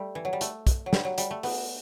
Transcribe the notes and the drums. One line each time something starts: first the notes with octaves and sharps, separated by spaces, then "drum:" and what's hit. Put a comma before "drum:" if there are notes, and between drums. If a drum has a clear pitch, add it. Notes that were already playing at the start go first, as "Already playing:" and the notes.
Already playing: G3 A3
E3
F#3
G3
A3, drum: hi-hat
drum: kick, hi-hat
F#3
G3, drum: snare
F#3
G3, drum: hi-hat
A3
B3, drum: open hi-hat